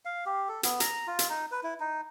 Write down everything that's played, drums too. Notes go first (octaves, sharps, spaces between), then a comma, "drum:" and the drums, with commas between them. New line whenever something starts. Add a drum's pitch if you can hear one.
F5
G4
A4
B3, drum: hi-hat
A#5, drum: hi-hat
F4
drum: hi-hat
D#4
B4
E4
D#4